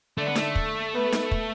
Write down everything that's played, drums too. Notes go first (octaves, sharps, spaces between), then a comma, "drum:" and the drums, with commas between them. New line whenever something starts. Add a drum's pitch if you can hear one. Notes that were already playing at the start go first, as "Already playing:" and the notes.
D3 A3 D4
B3
A3, drum: snare D#4
drum: kick
B3 B4
drum: snare D#4
drum: kick